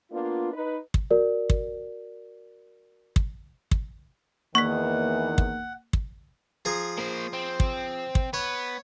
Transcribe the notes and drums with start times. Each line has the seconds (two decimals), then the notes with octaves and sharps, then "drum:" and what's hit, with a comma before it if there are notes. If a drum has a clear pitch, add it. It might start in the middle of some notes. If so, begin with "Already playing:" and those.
0.11 A#3 B3 D4 F4
0.53 D#4 B4
0.94 drum: kick
1.11 F#4 A#4 D5
1.50 drum: kick
3.16 drum: kick
3.71 drum: kick
4.55 E2 D#3 A#3 F#5 C#6 B6
5.38 drum: kick
5.93 drum: kick
6.65 F3 G#4 A#5
6.98 A#3 C5
7.33 C4
7.60 drum: kick
8.15 drum: kick
8.34 B3 C#5